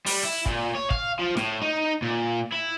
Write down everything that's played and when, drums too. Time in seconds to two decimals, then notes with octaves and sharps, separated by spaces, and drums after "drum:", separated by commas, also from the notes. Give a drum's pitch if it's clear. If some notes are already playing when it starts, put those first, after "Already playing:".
0.06 G3, drum: open hi-hat
0.23 E4
0.46 A#2, drum: kick
0.75 C#5
0.90 F5, drum: kick
1.19 F3
1.37 A2, drum: snare
1.62 D#4
2.02 A#2
2.53 E4